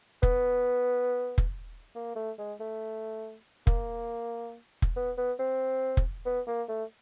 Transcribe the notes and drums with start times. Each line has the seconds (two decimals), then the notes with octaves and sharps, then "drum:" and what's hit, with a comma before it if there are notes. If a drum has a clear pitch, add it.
0.23 B3, drum: kick F1
1.38 drum: kick F1
1.96 A#3
2.16 A3
2.39 G#3
2.60 A3
3.67 A#3, drum: kick F1
4.82 drum: kick F1
4.97 B3
5.18 B3
5.39 C4
5.97 drum: kick F1
6.26 B3
6.48 A#3
6.69 A3